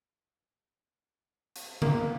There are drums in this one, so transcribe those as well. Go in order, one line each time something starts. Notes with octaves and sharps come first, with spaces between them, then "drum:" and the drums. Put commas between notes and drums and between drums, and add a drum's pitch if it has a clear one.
drum: hi-hat
A#3, drum: tom C#3